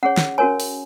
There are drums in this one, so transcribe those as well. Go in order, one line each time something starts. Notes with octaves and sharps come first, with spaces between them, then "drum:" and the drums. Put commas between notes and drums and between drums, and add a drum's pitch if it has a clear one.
C#4 G#4 C#5 F#5
drum: snare
C#4 F#4 A#4 C#5 G#5
drum: open hi-hat